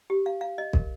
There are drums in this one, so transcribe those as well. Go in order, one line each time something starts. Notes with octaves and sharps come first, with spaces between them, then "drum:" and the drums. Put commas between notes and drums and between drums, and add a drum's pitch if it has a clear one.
G4
F5
F5
D#5
A#4, drum: kick